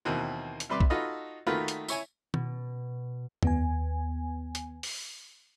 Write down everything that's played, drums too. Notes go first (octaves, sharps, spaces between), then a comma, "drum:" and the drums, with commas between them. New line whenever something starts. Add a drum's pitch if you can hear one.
D#2 B2 E3 A#3 C4
drum: hi-hat
C3 G3 B4 C6 D6
drum: kick
D#4 F4 F#4 A4 B4 D#5
D#3 A3 F4 F#4 A#4 B4
drum: hi-hat
E4 C#5 G#5, drum: tambourine
B2, drum: tom
D#2 B3 G#5, drum: tom F2
drum: hi-hat
drum: open hi-hat